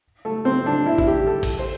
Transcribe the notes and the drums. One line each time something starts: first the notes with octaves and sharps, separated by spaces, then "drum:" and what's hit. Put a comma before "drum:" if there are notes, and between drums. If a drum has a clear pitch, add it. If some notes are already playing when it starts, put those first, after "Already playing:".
A3
C4
D4
E4
E4, drum: kick
G4
A4
drum: kick, cymbal
C5